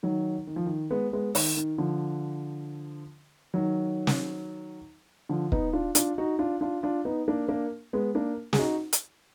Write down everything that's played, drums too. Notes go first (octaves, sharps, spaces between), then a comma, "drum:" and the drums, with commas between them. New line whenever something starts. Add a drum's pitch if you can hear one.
D#3 F#3
D#3
F3
D#3
G#3 B3
G#3 B3
D#3, drum: open hi-hat
D#3
D3 F3
D#3 F#3
drum: snare
D3 F3
B3 D#4, drum: kick
D4 F4
D4 F4, drum: hi-hat
D#4 F#4
D4 F4
D4 F4
D4 F4
B3 D#4
A#3 D4
A#3 D4
G#3 B3
A#3 D4
G#4, drum: snare
D#4 F#4
drum: hi-hat